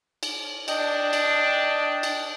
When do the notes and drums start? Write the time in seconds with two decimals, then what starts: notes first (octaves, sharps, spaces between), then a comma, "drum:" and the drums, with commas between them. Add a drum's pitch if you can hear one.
0.23 drum: cymbal
0.68 D4 D#5 G5, drum: cymbal
1.13 drum: cymbal
2.03 drum: cymbal